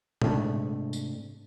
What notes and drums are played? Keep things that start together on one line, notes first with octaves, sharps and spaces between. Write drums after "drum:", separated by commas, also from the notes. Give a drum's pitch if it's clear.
G#2 C3 A3 D4, drum: tom A#2
drum: tambourine